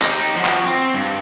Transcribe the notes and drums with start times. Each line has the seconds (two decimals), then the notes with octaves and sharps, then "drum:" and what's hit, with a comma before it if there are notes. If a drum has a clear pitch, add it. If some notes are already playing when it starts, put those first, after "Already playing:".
0.02 D#4 G4, drum: clap
0.36 F3 F#4
0.45 drum: clap
0.66 C4
0.94 G2